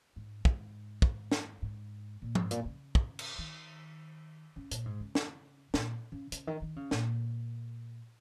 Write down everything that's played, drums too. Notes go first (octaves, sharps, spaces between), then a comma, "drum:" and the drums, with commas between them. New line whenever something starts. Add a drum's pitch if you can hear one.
G#2
G#2, drum: kick
drum: kick
drum: snare
G#2
A#2
G#2, drum: tom
A#2, drum: hi-hat
C#3
drum: kick
drum: cymbal
D#3
C#3
A#2, drum: hi-hat
G#2
C#3
drum: snare
A#2, drum: snare
C#3
C#3, drum: hi-hat
D#3
D#3
C#3
A#2, drum: snare